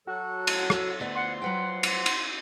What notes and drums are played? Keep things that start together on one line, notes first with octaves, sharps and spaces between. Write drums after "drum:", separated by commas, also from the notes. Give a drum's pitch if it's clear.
F#3 F#4 A4 F#6
drum: cymbal
drum: rim click
D2 B3 D5
F3 F#5 C6
F#3 B4 F#5 G5
drum: cymbal
drum: cymbal